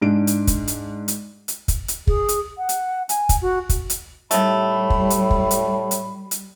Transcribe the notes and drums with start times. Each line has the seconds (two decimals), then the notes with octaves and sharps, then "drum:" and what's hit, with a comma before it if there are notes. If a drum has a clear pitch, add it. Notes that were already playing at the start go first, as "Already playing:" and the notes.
0.02 G#2 D4 D7
0.27 drum: hi-hat
0.47 drum: kick, hi-hat
0.68 drum: hi-hat
1.08 drum: hi-hat
1.48 drum: hi-hat
1.68 drum: kick, hi-hat
1.88 drum: hi-hat
2.07 G#4, drum: kick
2.29 drum: hi-hat
2.58 F#5
2.69 drum: hi-hat
3.09 G#5, drum: hi-hat
3.29 drum: kick, hi-hat
3.42 F#4
3.69 drum: kick, hi-hat
3.90 drum: hi-hat
4.31 A2 D#3 G3 A3 B5, drum: hi-hat
4.90 drum: kick
5.10 drum: hi-hat
5.30 drum: kick
5.51 drum: hi-hat
5.91 drum: hi-hat
6.31 drum: hi-hat